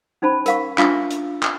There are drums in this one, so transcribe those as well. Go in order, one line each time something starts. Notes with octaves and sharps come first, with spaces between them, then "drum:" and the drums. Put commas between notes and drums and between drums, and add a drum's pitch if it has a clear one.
C#4 D#4 C5 A5 B5
A#4 F5 C#6, drum: hi-hat
D4 F4 E5 F5 C#6, drum: clap
drum: hi-hat
drum: clap